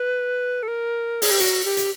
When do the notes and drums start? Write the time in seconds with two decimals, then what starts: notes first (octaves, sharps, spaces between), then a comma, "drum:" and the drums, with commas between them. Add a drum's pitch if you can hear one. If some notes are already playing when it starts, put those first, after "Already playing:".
Already playing: B4
0.63 A4
0.68 A#4
1.22 G#4, drum: open hi-hat
1.31 G4
1.40 F#4, drum: hi-hat
1.65 G4
1.77 drum: hi-hat